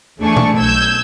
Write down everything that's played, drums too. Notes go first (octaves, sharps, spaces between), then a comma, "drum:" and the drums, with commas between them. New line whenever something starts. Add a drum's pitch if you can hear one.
E2 A3 D4 G#5 C#6
drum: tom B2
B1 E6 G6 G#6